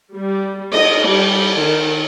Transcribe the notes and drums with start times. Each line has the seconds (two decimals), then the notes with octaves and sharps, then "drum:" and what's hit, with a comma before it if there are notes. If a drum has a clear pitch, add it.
0.16 G3
0.74 D#5, drum: cymbal
1.09 G3
1.60 D#3